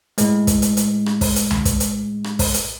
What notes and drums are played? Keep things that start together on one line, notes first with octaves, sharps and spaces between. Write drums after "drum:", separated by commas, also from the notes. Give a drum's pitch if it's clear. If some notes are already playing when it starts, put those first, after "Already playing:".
A2 G#3, drum: hi-hat
drum: kick, hi-hat
drum: hi-hat
drum: hi-hat
drum: rim click
drum: kick, open hi-hat
drum: hi-hat
drum: tom C#2
drum: kick, hi-hat
drum: hi-hat
drum: rim click
drum: kick, open hi-hat
drum: hi-hat